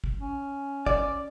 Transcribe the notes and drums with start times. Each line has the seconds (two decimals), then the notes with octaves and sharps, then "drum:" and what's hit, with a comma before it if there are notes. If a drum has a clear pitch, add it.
0.04 drum: kick
0.21 C#4
0.86 D5, drum: kick